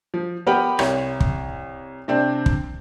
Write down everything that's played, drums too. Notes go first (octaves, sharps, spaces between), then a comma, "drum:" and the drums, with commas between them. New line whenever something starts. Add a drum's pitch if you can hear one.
F3
B3 G4 A#4 B4 F#5 G5
C2 C#5, drum: rim click
drum: kick
C3 C4 D4
drum: kick